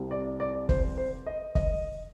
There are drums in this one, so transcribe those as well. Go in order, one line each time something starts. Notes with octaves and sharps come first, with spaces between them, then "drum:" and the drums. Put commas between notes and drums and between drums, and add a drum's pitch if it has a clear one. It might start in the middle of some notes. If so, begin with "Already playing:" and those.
Already playing: C2 C3 G3
D5
D5
C5, drum: kick
C5
D#5
D#5, drum: kick